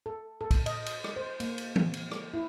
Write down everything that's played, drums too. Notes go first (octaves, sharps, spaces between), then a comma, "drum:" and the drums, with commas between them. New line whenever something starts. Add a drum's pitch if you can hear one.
A4
A4
drum: kick, cymbal
D#5, drum: cymbal
drum: cymbal
drum: rim click
C5
A#3, drum: cymbal
drum: cymbal
drum: tom E3
drum: cymbal
drum: rim click
E4